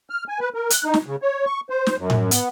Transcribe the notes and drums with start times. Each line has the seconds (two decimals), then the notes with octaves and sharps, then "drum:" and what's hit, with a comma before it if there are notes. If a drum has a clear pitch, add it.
0.10 F6
0.28 G#5
0.40 B4
0.54 A#4
0.70 F#6, drum: hi-hat
0.84 D#4
0.94 drum: snare
1.07 C#3
1.22 C#5
1.45 C#6
1.70 C5
1.86 drum: snare
1.98 F#2
2.10 drum: tom A2
2.31 B3, drum: hi-hat